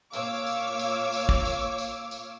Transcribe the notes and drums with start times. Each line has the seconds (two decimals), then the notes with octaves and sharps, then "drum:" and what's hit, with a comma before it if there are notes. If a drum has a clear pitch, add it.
0.13 A#2 C#5 F5 D6 E6, drum: tambourine
0.46 drum: tambourine
0.79 drum: tambourine
1.12 drum: tambourine
1.29 drum: kick
1.45 drum: tambourine
1.78 drum: tambourine
2.11 drum: tambourine